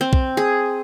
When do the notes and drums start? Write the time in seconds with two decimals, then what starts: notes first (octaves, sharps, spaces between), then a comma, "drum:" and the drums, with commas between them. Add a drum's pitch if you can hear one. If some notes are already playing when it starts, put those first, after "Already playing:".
0.01 C4
0.13 drum: kick B1
0.37 G#4